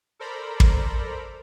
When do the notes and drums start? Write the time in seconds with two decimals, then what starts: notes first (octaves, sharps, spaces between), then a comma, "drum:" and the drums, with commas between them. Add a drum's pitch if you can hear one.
0.19 A4 A#4 C5 D5 A#5 B5
0.60 drum: kick